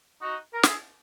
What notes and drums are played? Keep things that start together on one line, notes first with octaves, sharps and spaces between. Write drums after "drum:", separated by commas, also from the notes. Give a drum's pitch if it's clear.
D#4 F#4
A#4
E4 G#4, drum: snare